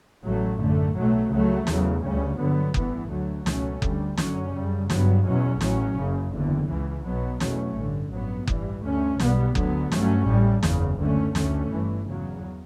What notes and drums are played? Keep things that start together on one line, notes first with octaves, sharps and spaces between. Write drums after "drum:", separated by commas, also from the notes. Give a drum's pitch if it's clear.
A1 A2 F#3 A3
F#2 D3 A3
B1 B2 F#3 A3
C#2 C#3 F#3 A3
E2 C#3 F#3, drum: snare
D2 C#3 G3 C#4
G2 D3 F#3 B3
A1 G2 E3 B3, drum: kick F#1
D2 D3 F#3 A3
C#2 B2 F#3 A3 C#4, drum: snare
D2 D3 G3, drum: kick F#1
F#2 D3 F#3 C#4, drum: snare
F#2 C#3 G3
G2 F#3 B3, drum: snare
E2 B2 F#3 C#4
A1 A2 F#3 C#4, drum: snare
F#1 F#2 C#3
F#1 E2 D3
C#2 C#3 E3
B1 B2 F#3 B3
E2 B2 F#3 A3 C#4, drum: snare
A1 G2 D3
A1 G2 F#3 B3
A1 G2 E3 G3, drum: kick F#1
D2 D3 A3 C#4
B1 B2 G3 B3, drum: snare
D2 D3 F#3 B3, drum: kick F#1
G2 F#3 A3 C#4, drum: snare
A1 A2 G3
F#1 E2 C#3, drum: snare
D2 D3 A3 C#4
D2 D3 A3 C#4, drum: snare
G1 G2 E3
E2 C#3 F#3